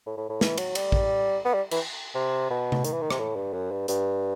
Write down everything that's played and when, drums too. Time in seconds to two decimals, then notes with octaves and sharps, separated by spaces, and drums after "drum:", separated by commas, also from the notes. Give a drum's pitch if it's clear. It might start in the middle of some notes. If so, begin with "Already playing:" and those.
0.06 A2
0.17 A2
0.29 A2
0.41 E3, drum: snare
0.58 F#3, drum: cymbal
0.75 G3, drum: cymbal
0.92 drum: kick
1.45 B3
1.54 G3
1.71 E3, drum: cymbal
2.15 C3
2.50 B2
2.72 drum: tom C3
2.85 D#3, drum: hi-hat
2.92 E3
3.02 D#3
3.11 C3, drum: rim click
3.19 A2
3.36 G2
3.53 F#2
3.71 G2
3.88 G2, drum: hi-hat